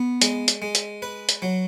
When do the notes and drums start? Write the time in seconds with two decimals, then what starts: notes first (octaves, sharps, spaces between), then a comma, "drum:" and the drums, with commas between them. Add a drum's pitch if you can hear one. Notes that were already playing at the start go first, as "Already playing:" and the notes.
Already playing: B3
0.22 G#3, drum: hi-hat
0.48 drum: hi-hat
0.62 G#3
0.75 drum: hi-hat
1.02 B4
1.29 drum: hi-hat
1.42 F#3